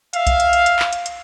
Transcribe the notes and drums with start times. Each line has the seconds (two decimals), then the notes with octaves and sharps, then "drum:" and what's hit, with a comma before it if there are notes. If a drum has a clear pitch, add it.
0.13 E5 F5, drum: hi-hat
0.27 drum: kick B1, hi-hat
0.40 drum: hi-hat
0.53 drum: hi-hat
0.66 drum: hi-hat
0.79 drum: clap
0.93 drum: hi-hat
1.06 drum: hi-hat